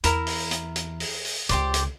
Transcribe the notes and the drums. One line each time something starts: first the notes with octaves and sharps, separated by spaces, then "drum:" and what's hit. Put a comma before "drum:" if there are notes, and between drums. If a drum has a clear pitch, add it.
E2 E4 A#4, drum: hi-hat
drum: open hi-hat
drum: hi-hat
drum: hi-hat
drum: open hi-hat
drum: open hi-hat
C#2 C#3 G4 C5 D5, drum: hi-hat
drum: hi-hat